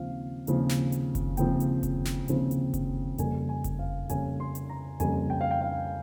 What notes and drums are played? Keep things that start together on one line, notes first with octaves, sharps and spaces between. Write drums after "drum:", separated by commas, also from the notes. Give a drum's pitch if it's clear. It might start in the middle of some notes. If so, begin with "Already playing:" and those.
Already playing: D#2 C#3 F3 C4 F5
D#2 C#3 F3 C4, drum: hi-hat
drum: snare
drum: hi-hat
drum: kick F#1, hi-hat
D#2 C#3 F3 C4 G5, drum: hi-hat
drum: hi-hat
drum: kick F#1, hi-hat
drum: snare
D#2 C#3 F3 C4, drum: hi-hat
drum: hi-hat
drum: kick F#1, hi-hat
F2 C#3 G3 A#3 C#4 G#5, drum: hi-hat
G#5
drum: kick F#1, hi-hat
F5
F2 C#3 G3 A#3 C#4 G#5, drum: hi-hat
C6
drum: hi-hat
A#5
F2 C#3 G3 A#3 C#4 G#5, drum: hi-hat
G5
F5
G5
F5